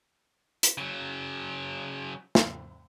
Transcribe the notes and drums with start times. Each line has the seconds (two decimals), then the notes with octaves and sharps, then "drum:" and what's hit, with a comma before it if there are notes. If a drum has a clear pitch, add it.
0.63 drum: hi-hat
0.78 C#3 F#3
2.35 drum: snare